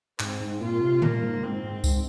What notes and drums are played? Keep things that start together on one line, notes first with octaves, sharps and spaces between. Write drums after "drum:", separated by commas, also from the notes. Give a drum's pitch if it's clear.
G#2 C4, drum: clap
G#2
A#2 F4
C3
A#2 A#3, drum: tom D3
G#2
G#2 C4
G#2
G#2, drum: kick C#2, tambourine